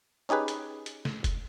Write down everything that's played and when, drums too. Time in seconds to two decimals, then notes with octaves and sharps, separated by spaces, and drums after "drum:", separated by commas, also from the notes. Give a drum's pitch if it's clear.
0.29 C#4 D#4 G4 G#4 B4
0.48 drum: hi-hat
0.86 drum: hi-hat
1.05 drum: snare
1.24 drum: kick F1, hi-hat